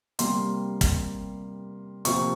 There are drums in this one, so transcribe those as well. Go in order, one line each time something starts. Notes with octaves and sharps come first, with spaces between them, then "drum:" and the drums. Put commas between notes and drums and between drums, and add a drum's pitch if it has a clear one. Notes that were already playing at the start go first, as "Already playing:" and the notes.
C3 G3 A#3 C6, drum: hi-hat
drum: kick, hi-hat
C3 F3 A#3 C#6, drum: hi-hat